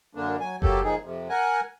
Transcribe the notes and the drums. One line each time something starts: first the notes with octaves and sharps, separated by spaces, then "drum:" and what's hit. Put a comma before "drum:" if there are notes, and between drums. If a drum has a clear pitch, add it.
F#2 D3 A#3 D4
F#3 G#5
F#3 A#3 G4 A4, drum: kick F#1
A#2 F3 D#4 G#4
F2 C3
A#4 F#5 G#5